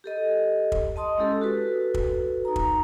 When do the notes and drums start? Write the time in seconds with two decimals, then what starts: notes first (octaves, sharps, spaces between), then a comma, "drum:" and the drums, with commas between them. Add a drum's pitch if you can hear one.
0.04 G4 A4 D#5
0.72 drum: kick
0.96 D#5 A5 C6 D#6
1.18 G#3 C#4 E4 G4 A4
1.41 F#4 A4 B4
1.94 drum: kick
2.45 D#4 A#5
2.56 drum: kick